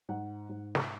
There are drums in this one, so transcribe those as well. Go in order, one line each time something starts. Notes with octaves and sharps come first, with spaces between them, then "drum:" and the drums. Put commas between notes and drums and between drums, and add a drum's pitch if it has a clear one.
G#2 F#5
G#2
drum: snare